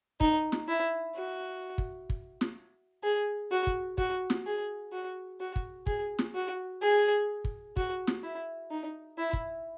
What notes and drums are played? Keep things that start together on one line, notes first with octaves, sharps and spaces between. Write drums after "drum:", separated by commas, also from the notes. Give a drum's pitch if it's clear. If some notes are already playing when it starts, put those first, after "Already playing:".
D#4, drum: kick
drum: snare
E4
F#4
drum: kick
drum: kick
drum: snare
G#4
F#4
drum: kick
F#4, drum: kick
drum: snare
G#4
F#4
F#4
drum: kick
G#4, drum: kick
drum: snare
F#4
G#4
drum: kick
F#4, drum: kick
drum: snare
E4
D#4
E4
drum: kick